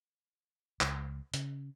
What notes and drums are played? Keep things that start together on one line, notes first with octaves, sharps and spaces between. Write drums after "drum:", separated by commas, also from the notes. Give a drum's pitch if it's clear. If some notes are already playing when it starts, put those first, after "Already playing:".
C#2, drum: clap
C#3, drum: hi-hat